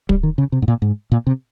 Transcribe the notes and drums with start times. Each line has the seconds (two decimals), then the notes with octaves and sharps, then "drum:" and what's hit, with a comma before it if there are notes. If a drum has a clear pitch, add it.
0.09 G3, drum: kick
0.23 D#3
0.38 C#3
0.52 C3
0.62 G#2
0.68 A#2
0.82 G#2
1.12 A#2
1.27 C3